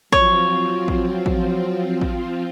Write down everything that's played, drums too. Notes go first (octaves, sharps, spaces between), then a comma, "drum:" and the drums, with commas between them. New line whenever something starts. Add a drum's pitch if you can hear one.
F3 F#3 C4 F4 C#5, drum: kick
drum: kick
drum: kick
drum: kick